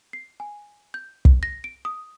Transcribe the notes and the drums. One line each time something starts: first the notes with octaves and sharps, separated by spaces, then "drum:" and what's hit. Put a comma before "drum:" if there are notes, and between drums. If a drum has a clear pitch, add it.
C7
G#5
G6
drum: kick
A#6
D7
D#6